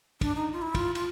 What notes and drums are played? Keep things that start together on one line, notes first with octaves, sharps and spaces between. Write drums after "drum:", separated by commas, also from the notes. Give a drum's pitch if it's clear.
D4, drum: kick, cymbal
D#4
F4
E4
F4, drum: kick, cymbal
F4, drum: cymbal